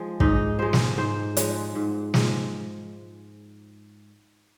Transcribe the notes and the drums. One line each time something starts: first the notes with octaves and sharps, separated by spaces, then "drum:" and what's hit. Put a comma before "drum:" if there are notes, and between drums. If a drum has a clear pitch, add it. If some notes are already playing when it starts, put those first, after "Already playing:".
Already playing: F3 G#3
G#2 D#4, drum: kick
F3 G#3 C5
drum: snare
G#2 C5
F3 G#3, drum: hi-hat
G#2
F3 G#3, drum: snare